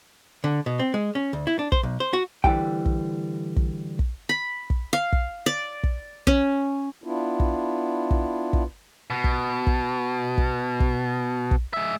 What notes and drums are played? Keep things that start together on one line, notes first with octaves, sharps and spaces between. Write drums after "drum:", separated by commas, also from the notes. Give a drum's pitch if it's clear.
D3
B2
C4
G#3
C#4
D2
E4
D4
C5, drum: kick
B1
C5
F#4
D2 D3 E3 G3 G5, drum: kick
drum: kick
drum: kick
drum: kick
B5
drum: kick
F5
drum: kick
D5
drum: kick
C#4, drum: kick
B3 D4 E4 F4
drum: kick
drum: kick
drum: kick
B2
drum: kick
drum: kick
drum: kick
drum: kick
drum: kick
G#3 E5